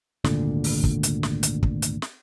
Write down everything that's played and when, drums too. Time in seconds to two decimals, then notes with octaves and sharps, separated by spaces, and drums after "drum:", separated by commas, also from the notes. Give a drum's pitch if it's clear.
0.24 G#1 D2 A#2 D3, drum: snare
0.64 drum: open hi-hat
0.84 drum: kick
1.03 drum: hi-hat
1.23 drum: snare
1.43 drum: hi-hat
1.63 drum: kick
1.82 drum: hi-hat
2.02 drum: snare